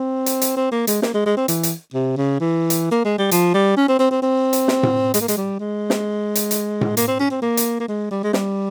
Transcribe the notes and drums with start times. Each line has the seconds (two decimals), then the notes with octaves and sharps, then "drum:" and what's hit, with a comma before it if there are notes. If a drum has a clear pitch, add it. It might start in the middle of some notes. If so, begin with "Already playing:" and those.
Already playing: C4
0.26 drum: hi-hat
0.42 drum: hi-hat
0.57 C4
0.72 A#3
0.87 G#3, drum: hi-hat
1.02 A#3, drum: snare
1.14 G#3
1.26 G#3
1.37 C4
1.48 E3, drum: hi-hat
1.63 drum: hi-hat
1.94 C3
2.17 C#3
2.40 E3
2.70 drum: hi-hat
2.92 A#3
3.05 G#3
3.18 G3
3.31 F3, drum: hi-hat
3.54 G3
3.77 C#4
3.88 C4
3.99 C4
4.11 C4
4.22 C4
4.53 drum: hi-hat
4.68 drum: snare
4.83 drum: tom A2
5.14 G#3, drum: hi-hat
5.21 A#3
5.28 G#3, drum: hi-hat
5.37 G3
5.59 G#3
5.90 drum: snare
6.35 drum: hi-hat
6.51 drum: hi-hat
6.81 drum: tom A2
6.97 A#3, drum: hi-hat
7.08 C4
7.20 C#4
7.31 C4
7.42 A#3
7.57 drum: hi-hat
7.80 A#3
7.88 G#3
8.11 G3
8.23 G#3
8.33 G3, drum: snare